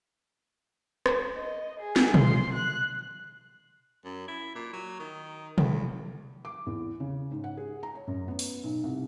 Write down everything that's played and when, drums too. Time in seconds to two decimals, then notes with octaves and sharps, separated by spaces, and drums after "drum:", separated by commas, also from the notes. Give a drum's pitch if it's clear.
1.06 drum: rim click
1.36 D#5
1.79 G#4
1.96 drum: snare
2.14 C6, drum: tom
2.52 F#6
4.05 F#2
4.28 E4
4.55 A#2
4.73 F#3
4.99 D#3
5.58 E2, drum: tom
6.45 D6
6.66 E2
7.00 C#3
7.31 G#2
7.44 F#5
7.57 G#4
7.83 A#5
7.95 C#5
8.07 F#2
8.28 B3
8.39 drum: open hi-hat
8.64 B1
8.83 C2